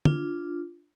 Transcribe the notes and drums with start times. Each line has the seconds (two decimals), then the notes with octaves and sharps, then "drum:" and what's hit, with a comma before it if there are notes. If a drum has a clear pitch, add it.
0.05 D4 F4, drum: tom